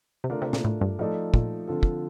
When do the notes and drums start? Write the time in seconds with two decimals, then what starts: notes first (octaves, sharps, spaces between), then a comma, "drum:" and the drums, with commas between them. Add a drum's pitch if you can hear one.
0.24 C3
0.30 D3 A3 D4 F4 A#4
0.42 C3
0.53 A#2, drum: snare
0.64 A2
0.81 G2
0.99 A2 F3 A3 D#4 A4 D5
1.34 A#2, drum: kick
1.67 D3 F3 C4 F4 A4
1.83 drum: kick